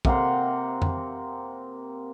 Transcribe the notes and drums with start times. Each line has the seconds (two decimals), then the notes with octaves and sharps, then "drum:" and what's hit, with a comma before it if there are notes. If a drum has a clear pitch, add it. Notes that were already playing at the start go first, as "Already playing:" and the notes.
0.05 C3 A#3 F#5 C6, drum: kick
0.82 drum: tom F2